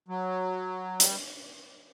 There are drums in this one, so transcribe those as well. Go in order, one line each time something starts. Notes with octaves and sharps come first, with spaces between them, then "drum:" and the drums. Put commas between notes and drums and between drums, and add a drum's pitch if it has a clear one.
F#3
G3, drum: hi-hat